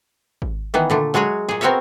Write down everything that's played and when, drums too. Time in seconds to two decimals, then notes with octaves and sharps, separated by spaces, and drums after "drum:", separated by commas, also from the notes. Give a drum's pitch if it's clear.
0.42 drum: kick G#1
0.74 D#3 E3 B3
0.90 A#2 D3 A3
1.14 F#3 G#3 F#4 G#4 C#5
1.49 A#2 G#4, drum: snare
1.61 B3 C4 F#4 A#4 C#5 E5